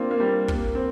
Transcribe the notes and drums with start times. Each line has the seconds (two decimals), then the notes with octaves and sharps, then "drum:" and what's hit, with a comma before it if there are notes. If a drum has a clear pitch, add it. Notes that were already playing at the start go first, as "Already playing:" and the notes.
Already playing: A#3 C4 D4 F4
0.11 A#3
0.20 G3
0.48 A#3, drum: kick
0.75 C4